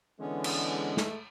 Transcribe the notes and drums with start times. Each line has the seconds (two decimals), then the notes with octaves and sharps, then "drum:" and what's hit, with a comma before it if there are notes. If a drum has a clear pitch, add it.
0.20 D3 E3 G#3 B3 C#4
0.44 drum: cymbal
0.97 A3, drum: snare